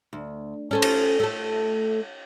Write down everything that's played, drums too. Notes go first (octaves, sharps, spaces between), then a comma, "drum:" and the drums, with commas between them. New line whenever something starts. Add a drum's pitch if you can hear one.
D2
C#4 A4 C5
drum: cymbal
A3 A4